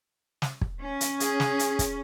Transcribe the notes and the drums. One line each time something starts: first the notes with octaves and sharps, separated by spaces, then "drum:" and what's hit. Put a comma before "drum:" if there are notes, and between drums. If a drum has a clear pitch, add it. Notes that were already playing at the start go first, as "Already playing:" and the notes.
drum: snare
drum: kick
C#4
drum: hi-hat
G#4, drum: hi-hat
drum: snare
drum: hi-hat
drum: kick, hi-hat